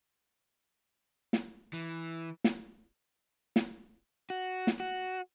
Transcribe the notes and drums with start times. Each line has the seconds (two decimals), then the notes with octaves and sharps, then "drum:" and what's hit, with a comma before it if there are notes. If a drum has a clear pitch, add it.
1.33 drum: snare
1.73 E3
2.44 drum: snare
3.56 drum: snare
4.30 F#4
4.67 drum: snare
4.80 F#4